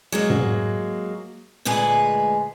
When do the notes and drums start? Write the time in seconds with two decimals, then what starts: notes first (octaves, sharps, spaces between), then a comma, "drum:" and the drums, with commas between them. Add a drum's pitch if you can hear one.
0.12 F#3 G#3 A#3
0.30 drum: tom
1.65 D2 A#2 G#3 B4 G#5